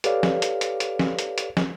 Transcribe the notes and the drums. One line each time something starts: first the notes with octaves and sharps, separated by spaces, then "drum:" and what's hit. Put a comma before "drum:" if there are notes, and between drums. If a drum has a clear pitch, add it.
G4 A4 B4 C#5 D5 F5, drum: hi-hat
drum: snare
drum: hi-hat
drum: hi-hat
drum: hi-hat
drum: snare
drum: hi-hat
drum: hi-hat
drum: snare